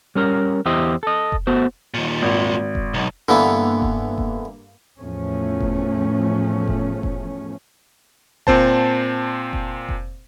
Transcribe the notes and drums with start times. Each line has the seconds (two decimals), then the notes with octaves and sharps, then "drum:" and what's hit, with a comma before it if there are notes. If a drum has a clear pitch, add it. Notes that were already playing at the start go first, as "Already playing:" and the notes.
0.15 G3 C#4 A#4
0.66 E2 E4 G4 C5 D#5
1.03 A4 D#5
1.32 drum: kick F1
1.47 A3 B3 F#4 C5
1.94 D#2 A#2
2.22 G#1
2.75 drum: kick F1
2.94 B1
3.29 G2 D3 E3 A#3 B3
3.82 drum: kick F1
4.18 drum: kick F1
5.00 E2 A2 F3 A3 C#4
5.60 drum: kick F1
6.68 drum: kick F1
7.03 drum: kick F1
8.47 A#2 C4 C5 A5, drum: kick F1
9.53 drum: kick F1
9.89 drum: kick F1